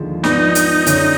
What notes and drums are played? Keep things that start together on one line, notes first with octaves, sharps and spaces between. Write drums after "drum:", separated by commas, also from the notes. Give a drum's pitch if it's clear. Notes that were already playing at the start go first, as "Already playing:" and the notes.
Already playing: D#2 D3 F3 G#3
G#2 F3 B3 D4 D#4, drum: snare
drum: hi-hat
F#2 D3 F#3 D4, drum: hi-hat